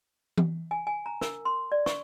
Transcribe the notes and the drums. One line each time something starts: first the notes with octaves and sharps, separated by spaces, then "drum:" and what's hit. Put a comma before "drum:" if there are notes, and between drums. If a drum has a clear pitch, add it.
drum: tom E3
G#5
G#5
A#5
A#4, drum: snare
C6
D5
C#6, drum: snare